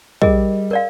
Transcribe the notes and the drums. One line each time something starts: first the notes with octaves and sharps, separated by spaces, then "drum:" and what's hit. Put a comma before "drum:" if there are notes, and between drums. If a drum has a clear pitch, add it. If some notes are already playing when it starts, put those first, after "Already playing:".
G3 G#4 A#4 D#5, drum: kick
A#4 D5 F5